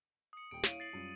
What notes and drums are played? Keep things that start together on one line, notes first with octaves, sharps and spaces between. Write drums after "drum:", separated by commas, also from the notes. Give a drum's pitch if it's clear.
D#6 C#7
D#1 G5 D7
E4 C#5 F5 D#7, drum: snare
A6 C7 F#7
F#2 G3 F4